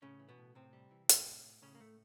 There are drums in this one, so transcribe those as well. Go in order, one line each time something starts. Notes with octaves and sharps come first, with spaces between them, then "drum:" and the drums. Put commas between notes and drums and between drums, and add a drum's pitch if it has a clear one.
A2 C#3 C#4
E3
B2 B3
A2
A2 C3 C4
G3
E3
A2, drum: hi-hat
A2
A2
A2 C#3 C#4
A#3
A2 A3